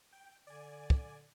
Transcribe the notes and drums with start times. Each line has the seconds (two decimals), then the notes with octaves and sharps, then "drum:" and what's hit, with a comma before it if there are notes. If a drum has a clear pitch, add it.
0.12 G5
0.47 D3 D5 G#5
0.90 drum: kick